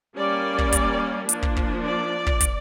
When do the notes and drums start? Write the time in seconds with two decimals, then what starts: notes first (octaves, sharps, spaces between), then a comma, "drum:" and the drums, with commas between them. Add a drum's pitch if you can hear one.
0.16 G3 A#3 C#4 D5
0.58 drum: kick
0.72 drum: kick, hi-hat
1.29 F3 A#3 D4, drum: hi-hat
1.42 drum: kick
1.56 drum: kick
1.84 D5
2.26 drum: kick
2.40 drum: kick, hi-hat